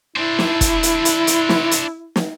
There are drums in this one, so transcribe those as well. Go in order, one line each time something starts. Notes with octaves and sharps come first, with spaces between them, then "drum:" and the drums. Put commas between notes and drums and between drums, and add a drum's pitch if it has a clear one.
D4 E4 C5
drum: snare
drum: kick, hi-hat
drum: hi-hat
drum: hi-hat
drum: hi-hat
drum: snare
drum: hi-hat
drum: snare